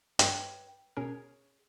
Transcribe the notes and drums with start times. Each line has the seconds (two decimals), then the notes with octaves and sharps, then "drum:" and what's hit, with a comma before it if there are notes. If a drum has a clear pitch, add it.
0.19 G2 B4 C#5 G5, drum: hi-hat
0.97 B2 C#4 G#4 A#4 C#5